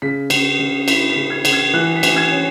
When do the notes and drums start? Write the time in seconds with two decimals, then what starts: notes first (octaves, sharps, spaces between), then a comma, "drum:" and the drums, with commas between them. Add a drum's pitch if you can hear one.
0.02 C#3 B6
0.30 C#3, drum: cymbal
0.59 C#3
0.88 E4 B6, drum: cymbal
1.10 B6
1.16 C#3
1.30 G#6
1.45 C#3, drum: cymbal
1.53 G#6
1.74 E3 F#6
1.96 B6
2.03 E3, drum: cymbal
2.17 G#6
2.31 C#4